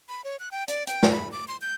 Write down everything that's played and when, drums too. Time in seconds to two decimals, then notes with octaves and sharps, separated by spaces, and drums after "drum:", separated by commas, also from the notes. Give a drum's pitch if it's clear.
0.09 B5
0.24 C#5
0.40 F#6
0.51 G5
0.68 D5, drum: hi-hat
0.87 G5, drum: hi-hat
1.03 drum: snare
1.12 B5
1.32 D6
1.48 C6
1.62 G6